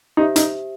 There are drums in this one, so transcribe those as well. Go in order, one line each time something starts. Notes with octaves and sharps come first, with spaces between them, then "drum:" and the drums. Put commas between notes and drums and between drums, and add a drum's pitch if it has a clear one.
D#4 G4 C5 E5
D#4, drum: hi-hat